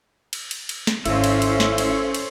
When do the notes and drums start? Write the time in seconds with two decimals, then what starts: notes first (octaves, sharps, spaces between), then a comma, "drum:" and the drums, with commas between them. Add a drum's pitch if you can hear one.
0.33 drum: cymbal
0.51 drum: cymbal
0.69 drum: cymbal
0.87 drum: snare
1.05 G#1 C#4 E4 A4 C5 E5 F5, drum: cymbal
1.24 drum: cymbal
1.42 drum: cymbal
1.60 drum: snare
1.78 drum: cymbal
2.14 drum: cymbal